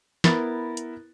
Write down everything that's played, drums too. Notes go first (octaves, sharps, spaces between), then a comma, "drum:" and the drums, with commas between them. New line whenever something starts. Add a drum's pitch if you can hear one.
B3 E4 A#4 A6, drum: snare
drum: hi-hat